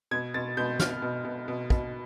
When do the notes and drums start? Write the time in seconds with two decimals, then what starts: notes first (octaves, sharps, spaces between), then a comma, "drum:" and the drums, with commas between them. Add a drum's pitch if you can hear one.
0.11 B2 G#6
0.34 B2 A6
0.57 B2 G6
0.79 B2 F6, drum: snare
1.02 B2
1.25 B2
1.48 B2
1.70 B2, drum: kick